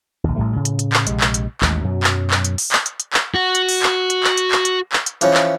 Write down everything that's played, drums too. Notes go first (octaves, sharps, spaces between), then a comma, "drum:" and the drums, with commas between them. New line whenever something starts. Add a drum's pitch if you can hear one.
A#1 D#2
A1 A2 G3 A3
A2 C#3
drum: hi-hat
drum: hi-hat
drum: clap
A#1 C3 G#3, drum: hi-hat
drum: clap
drum: hi-hat
A1 D#2 G#3, drum: clap
F#2 B2 F#3
drum: clap
drum: clap
drum: hi-hat
drum: open hi-hat
drum: clap
drum: hi-hat
drum: hi-hat
drum: clap
F#4
drum: hi-hat
drum: open hi-hat
drum: clap
drum: hi-hat
drum: clap
drum: hi-hat
drum: clap
drum: hi-hat
drum: clap
drum: hi-hat
E3 F3 C#4, drum: hi-hat
drum: clap